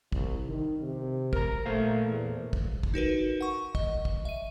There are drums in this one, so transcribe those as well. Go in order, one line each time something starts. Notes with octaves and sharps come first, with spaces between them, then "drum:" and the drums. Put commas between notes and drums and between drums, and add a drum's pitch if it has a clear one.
C2, drum: kick
D#3
C3
A#4 A#5, drum: kick
A#2 A3 C5 F5
E2
drum: kick
drum: kick
D#4 F#4 A#4 B4
F#5 C#6
D#5, drum: kick
drum: kick
E5 D#7